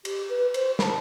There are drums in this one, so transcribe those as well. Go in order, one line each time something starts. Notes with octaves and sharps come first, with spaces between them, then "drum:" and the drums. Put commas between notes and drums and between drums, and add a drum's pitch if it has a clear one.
G4, drum: cymbal
B4
C5, drum: cymbal
B5, drum: snare
A5